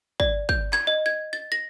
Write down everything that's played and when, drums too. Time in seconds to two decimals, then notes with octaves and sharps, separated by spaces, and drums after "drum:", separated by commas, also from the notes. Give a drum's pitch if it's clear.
0.20 D5, drum: kick
0.49 G6, drum: kick
0.73 G#6, drum: clap
0.87 D#5
1.06 G#6
1.33 A6
1.52 A#6